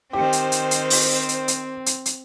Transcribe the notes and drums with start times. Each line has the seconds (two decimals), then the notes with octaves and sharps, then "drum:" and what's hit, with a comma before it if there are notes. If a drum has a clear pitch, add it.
0.13 D#3 C4 G4 C5
0.33 drum: hi-hat
0.52 drum: hi-hat
0.71 drum: hi-hat
0.90 drum: open hi-hat
1.29 drum: hi-hat
1.48 drum: hi-hat
1.86 drum: hi-hat
2.06 drum: hi-hat